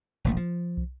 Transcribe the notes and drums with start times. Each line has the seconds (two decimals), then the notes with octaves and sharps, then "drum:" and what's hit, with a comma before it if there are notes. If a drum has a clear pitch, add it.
0.24 E1 A#1 A3
0.37 F3
0.77 drum: kick